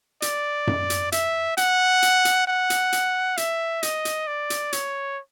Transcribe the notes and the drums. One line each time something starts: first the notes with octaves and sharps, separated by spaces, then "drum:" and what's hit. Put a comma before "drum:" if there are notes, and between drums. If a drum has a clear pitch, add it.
D5, drum: hi-hat
drum: tom F#2
drum: hi-hat
E5, drum: hi-hat
F#5, drum: hi-hat
drum: hi-hat
drum: hi-hat
F#5
drum: hi-hat
drum: hi-hat
E5, drum: hi-hat
D#5, drum: hi-hat
drum: hi-hat
D5
drum: hi-hat
C#5, drum: hi-hat